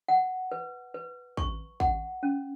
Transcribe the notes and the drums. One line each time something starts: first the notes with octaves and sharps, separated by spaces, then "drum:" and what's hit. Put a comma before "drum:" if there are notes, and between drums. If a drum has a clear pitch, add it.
F#5
B4
B4
C#6, drum: kick
F#5, drum: kick
C#4